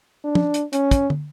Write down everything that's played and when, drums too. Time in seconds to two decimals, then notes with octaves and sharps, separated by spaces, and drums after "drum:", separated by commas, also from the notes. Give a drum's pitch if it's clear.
0.24 D4
0.35 drum: tom
0.54 drum: hi-hat
0.73 C#4, drum: hi-hat
0.91 drum: kick, hi-hat
1.10 drum: tom